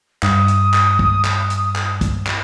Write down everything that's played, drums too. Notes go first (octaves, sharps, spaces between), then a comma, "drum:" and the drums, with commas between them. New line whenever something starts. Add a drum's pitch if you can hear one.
G2 D#6, drum: clap
drum: hi-hat
drum: clap
drum: kick
drum: clap
drum: hi-hat
drum: clap
drum: kick, hi-hat
drum: clap